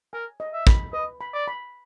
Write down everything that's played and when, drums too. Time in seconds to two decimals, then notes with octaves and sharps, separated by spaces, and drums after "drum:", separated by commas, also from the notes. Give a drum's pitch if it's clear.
0.13 A#4 G#5
0.40 D#5
0.53 E5
0.67 B5, drum: kick
0.93 B4 D#5
1.21 B5
1.34 D5
1.48 B5